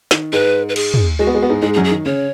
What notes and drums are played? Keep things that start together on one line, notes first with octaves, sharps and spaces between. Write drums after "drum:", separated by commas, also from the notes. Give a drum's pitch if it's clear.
D#3, drum: snare
G#2 G#3 B4
B4
G#4, drum: cymbal
drum: tom
G#3 F#4
B3
G#3
B3
G#2 G#3
G#2 G#3 G#4
G#4
F#2 F#3
G#4
D#3
C#3 C#5